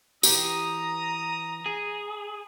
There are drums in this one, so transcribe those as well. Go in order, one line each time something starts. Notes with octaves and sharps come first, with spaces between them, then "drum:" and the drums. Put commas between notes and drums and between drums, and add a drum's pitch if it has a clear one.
E3 G4 A#5 D#6, drum: tambourine
G#4